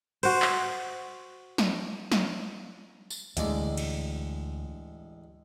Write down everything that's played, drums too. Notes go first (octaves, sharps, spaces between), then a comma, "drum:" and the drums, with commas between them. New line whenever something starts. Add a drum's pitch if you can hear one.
F#4 C5, drum: cymbal
drum: clap
drum: snare
drum: snare
drum: tambourine
A1 D2 G#3 D5, drum: hi-hat
drum: cymbal